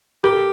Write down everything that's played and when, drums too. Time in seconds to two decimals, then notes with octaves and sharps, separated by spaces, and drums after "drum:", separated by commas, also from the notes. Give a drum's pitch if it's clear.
0.24 G4 A#4, drum: rim click
0.33 A4